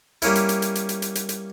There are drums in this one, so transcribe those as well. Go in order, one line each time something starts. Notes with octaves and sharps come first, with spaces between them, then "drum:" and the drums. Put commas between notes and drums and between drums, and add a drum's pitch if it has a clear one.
G3 A#3 C#4 E4, drum: hi-hat
drum: hi-hat
drum: hi-hat
drum: hi-hat
drum: hi-hat
drum: hi-hat
drum: hi-hat
drum: hi-hat
drum: hi-hat